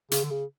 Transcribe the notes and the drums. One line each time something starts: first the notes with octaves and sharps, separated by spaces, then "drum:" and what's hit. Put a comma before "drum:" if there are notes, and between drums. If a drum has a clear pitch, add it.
C#3, drum: hi-hat
D3
C#3